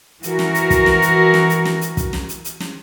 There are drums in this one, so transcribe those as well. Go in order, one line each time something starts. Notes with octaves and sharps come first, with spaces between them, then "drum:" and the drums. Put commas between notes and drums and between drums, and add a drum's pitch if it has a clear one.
E3 F#4 A#4, drum: hi-hat
drum: snare
drum: hi-hat
drum: kick, hi-hat
drum: snare
drum: hi-hat
drum: snare
drum: hi-hat
drum: snare
drum: hi-hat
drum: kick, hi-hat
drum: snare
drum: hi-hat
drum: hi-hat
drum: snare